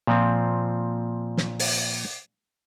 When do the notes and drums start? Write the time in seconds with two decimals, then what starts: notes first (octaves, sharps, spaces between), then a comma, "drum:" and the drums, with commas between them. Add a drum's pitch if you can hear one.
0.07 A#2 F3 C4
1.37 drum: snare
1.59 drum: open hi-hat